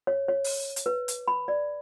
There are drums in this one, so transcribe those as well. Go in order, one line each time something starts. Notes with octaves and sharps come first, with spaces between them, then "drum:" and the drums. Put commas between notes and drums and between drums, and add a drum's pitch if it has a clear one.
C#5
C#5
drum: open hi-hat
drum: hi-hat
B4
drum: hi-hat
B5
D5